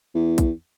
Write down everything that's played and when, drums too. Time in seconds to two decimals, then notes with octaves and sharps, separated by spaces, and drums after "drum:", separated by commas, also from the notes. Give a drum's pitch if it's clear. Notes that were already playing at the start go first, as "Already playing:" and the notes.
0.15 E2
0.38 drum: kick, hi-hat